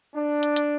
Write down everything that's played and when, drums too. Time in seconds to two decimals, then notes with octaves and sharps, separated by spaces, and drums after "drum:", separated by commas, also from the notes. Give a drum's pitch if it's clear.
0.14 D4
0.43 drum: hi-hat
0.56 drum: hi-hat